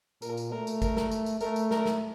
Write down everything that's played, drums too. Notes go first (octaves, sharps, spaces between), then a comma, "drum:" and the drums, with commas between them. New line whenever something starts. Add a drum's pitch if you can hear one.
A#2 A#4, drum: tambourine
drum: tambourine
A3 A#4
drum: tambourine
A#4, drum: kick, tambourine
drum: snare
drum: tambourine
drum: tambourine
A3 A#4, drum: tambourine
drum: tambourine
A#4, drum: snare
drum: snare